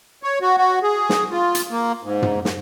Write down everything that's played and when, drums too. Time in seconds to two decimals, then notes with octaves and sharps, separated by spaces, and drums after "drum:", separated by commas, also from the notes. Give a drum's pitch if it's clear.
0.23 C#5
0.42 F#4
0.58 F#4
0.83 G#4
1.09 drum: snare
1.32 F4
1.55 drum: hi-hat
1.71 A#3
2.03 G#2
2.22 drum: tom
2.45 drum: snare